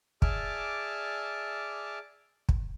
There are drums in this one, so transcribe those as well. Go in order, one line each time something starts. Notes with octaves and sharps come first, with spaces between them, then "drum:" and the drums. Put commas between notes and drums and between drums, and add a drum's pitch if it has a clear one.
G#4 D5 E5 A5 D6 F6, drum: kick
drum: kick